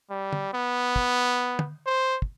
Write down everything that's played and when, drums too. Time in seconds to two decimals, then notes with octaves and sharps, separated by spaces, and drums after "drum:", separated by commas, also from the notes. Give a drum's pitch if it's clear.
0.10 G3
0.33 drum: tom
0.54 B3
0.96 drum: kick
1.59 drum: tom
1.86 C5
2.22 drum: kick